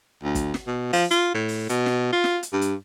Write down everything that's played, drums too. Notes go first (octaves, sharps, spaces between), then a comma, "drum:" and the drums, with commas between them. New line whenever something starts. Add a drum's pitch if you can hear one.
D2
drum: kick, hi-hat
drum: snare
B2
F3, drum: open hi-hat
F4, drum: hi-hat
A2
drum: open hi-hat
B2, drum: hi-hat
drum: snare
F4
drum: snare
drum: hi-hat
G2
drum: hi-hat